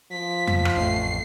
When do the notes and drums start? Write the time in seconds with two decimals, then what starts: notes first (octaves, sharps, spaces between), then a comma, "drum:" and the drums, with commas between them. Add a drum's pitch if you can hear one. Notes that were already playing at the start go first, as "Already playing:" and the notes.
0.12 F3 B6
0.47 drum: tom F2
0.65 drum: rim click
0.77 A1 F2 A3 C7